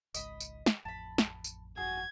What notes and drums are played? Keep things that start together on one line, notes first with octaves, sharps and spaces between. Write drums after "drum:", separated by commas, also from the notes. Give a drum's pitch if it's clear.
G#1 C#2 G#2 D#5 B5, drum: tambourine
drum: tambourine
drum: snare
A1 F2 A5 B5
drum: snare
drum: tambourine
G1 F2 F#4 G#4 G#6